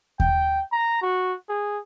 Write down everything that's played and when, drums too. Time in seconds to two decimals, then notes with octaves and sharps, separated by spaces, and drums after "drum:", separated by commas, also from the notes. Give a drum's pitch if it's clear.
0.20 G5, drum: kick D#2
0.72 A#5
1.02 F#4
1.49 G#4